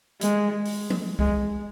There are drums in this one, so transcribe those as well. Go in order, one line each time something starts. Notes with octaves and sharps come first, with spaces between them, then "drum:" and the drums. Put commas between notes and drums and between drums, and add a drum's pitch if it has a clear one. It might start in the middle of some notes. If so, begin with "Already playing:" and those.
G#3, drum: hi-hat
drum: open hi-hat
drum: tom F3
G#3, drum: kick C2